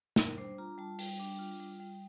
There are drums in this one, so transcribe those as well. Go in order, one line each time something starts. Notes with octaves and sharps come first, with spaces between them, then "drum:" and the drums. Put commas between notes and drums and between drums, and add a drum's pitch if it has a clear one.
G3 A#4, drum: snare
D4 C5
F4 A#5
G3 A5
G3 G5, drum: open hi-hat
D4
F4
G3
G3